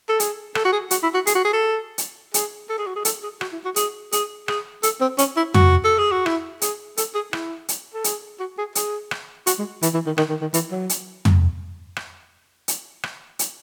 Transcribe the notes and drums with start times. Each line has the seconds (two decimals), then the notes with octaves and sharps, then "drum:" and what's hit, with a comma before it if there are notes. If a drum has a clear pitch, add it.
0.09 A4
0.20 G#4, drum: hi-hat
0.55 A4, drum: rim click
0.65 F#4
0.72 G#4
0.91 F#4, drum: hi-hat
1.03 E4
1.14 F#4
1.27 G#4, drum: hi-hat
1.35 F#4
1.45 G#4
1.53 A4
1.98 drum: hi-hat
2.34 G#4, drum: hi-hat
2.69 A4
2.78 G#4
2.87 F#4
2.96 G#4
3.05 A4, drum: hi-hat
3.23 G#4
3.41 F#4, drum: rim click
3.52 E4
3.65 F#4
3.76 G#4, drum: hi-hat
4.12 G#4, drum: hi-hat
4.48 G#4, drum: rim click
4.83 A4, drum: hi-hat
5.01 C4
5.18 C#4, drum: hi-hat
5.37 E4
5.54 F#4, drum: tom
5.84 A4
5.98 G#4
6.12 F#4
6.26 E4, drum: rim click
6.61 G#4, drum: hi-hat
6.97 A4, drum: hi-hat
7.15 G#4
7.33 E4, drum: rim click
7.68 drum: hi-hat
7.94 A4
8.04 G#4, drum: hi-hat
8.40 F#4
8.58 G#4
8.75 G#4, drum: hi-hat
9.11 drum: rim click
9.47 F#4, drum: hi-hat
9.59 G#3
9.82 E3, drum: hi-hat
9.94 E3
10.06 D#3
10.18 D#3, drum: rim click
10.30 D#3
10.41 D#3
10.54 E3, drum: hi-hat
10.71 F#3
10.89 drum: hi-hat
11.25 drum: tom
11.96 drum: rim click
12.68 drum: hi-hat
13.03 drum: rim click
13.39 drum: hi-hat